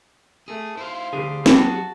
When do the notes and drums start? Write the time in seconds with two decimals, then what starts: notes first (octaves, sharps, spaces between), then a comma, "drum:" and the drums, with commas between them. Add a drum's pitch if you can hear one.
0.48 A3 G#4
0.77 E4 F4 C5 F5
1.13 D2 D4 G4 G#4
1.46 F#3 F#4 A5, drum: snare